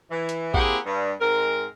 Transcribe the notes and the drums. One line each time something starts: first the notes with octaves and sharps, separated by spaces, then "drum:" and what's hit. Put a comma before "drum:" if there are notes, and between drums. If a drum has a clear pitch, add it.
E3
drum: hi-hat
A#3 C4 E4 G4 G#4 F#5, drum: kick A1
G2
G#2 G#3 C4 A#4